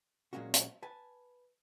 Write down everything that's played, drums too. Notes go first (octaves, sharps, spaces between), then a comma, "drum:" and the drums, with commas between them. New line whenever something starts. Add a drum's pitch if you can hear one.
A#2 F#3 G#3 A#3 C#4 F#4
drum: hi-hat
B4 G#5 A5